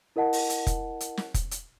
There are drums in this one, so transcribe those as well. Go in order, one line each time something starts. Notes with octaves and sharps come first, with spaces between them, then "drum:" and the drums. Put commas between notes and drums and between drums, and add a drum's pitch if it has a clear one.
E4 A#4 D#5 F#5 A5
drum: open hi-hat
drum: hi-hat
drum: kick, hi-hat
drum: hi-hat
drum: snare
drum: kick, hi-hat
drum: hi-hat